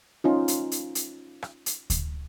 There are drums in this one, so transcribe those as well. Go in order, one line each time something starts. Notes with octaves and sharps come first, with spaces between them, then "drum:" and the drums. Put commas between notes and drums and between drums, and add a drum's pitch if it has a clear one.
C#4 D#4 F4
drum: hi-hat
drum: hi-hat
drum: hi-hat
drum: rim click
drum: hi-hat
drum: kick D2, hi-hat